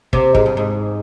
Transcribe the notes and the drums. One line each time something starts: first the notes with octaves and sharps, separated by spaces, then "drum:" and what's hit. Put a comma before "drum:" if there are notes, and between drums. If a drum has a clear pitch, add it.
C3, drum: kick
G#2, drum: kick
G2
G#2